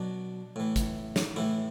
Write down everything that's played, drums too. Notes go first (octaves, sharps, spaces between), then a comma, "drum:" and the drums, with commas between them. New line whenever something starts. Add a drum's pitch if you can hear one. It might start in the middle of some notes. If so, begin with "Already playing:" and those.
Already playing: B2 F#3 D4
A2 E3
drum: kick, hi-hat
drum: snare
A2 E3 E4